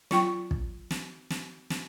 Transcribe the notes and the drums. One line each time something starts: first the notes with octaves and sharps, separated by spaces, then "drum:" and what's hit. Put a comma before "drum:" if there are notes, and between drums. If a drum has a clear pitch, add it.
F#3 F4 G5 C#6, drum: snare
drum: kick
drum: snare
drum: snare
drum: snare